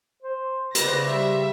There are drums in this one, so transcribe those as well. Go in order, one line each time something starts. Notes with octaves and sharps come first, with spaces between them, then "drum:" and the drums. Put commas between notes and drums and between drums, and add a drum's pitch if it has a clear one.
C5
C#3 B4 C5 D5 A#6, drum: hi-hat
G3 E5